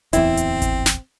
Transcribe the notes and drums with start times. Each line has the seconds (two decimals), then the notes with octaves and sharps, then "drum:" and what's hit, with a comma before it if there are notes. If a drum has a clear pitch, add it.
0.13 D1 E2 C4 E4, drum: hi-hat
0.37 drum: hi-hat
0.62 drum: kick G#1, hi-hat
0.86 drum: snare